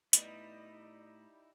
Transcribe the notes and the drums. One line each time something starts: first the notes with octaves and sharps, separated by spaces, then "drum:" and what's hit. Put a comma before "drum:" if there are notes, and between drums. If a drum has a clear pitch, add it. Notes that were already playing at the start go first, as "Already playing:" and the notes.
A2 G3 B3 D#4 E4 D#5, drum: hi-hat